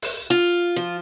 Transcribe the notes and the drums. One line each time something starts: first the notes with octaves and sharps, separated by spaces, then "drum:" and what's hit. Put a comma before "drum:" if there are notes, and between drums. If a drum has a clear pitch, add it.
drum: open hi-hat
F4
F3